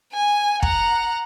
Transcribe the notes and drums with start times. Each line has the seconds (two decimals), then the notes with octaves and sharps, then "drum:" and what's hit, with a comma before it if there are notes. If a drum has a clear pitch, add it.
0.13 G#5
0.62 F#5 A#5, drum: kick